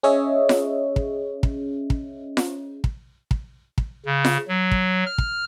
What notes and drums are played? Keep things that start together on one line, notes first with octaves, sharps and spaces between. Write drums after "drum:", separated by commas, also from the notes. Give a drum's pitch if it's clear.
C#4 G#4 C#5 D#5 E5
drum: snare F4
drum: kick
drum: kick
drum: kick
drum: snare F4
drum: kick
drum: kick
drum: kick
C#3
drum: snare F4
F#3
drum: kick
F6
drum: kick